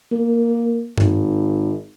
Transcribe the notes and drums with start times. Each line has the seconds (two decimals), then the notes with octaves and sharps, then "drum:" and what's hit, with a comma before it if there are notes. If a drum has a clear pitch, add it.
0.12 A#3
0.98 G#1, drum: tom G2